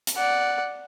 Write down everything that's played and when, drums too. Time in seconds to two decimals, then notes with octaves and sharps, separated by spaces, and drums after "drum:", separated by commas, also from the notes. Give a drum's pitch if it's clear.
0.07 drum: hi-hat
0.17 D5 F#5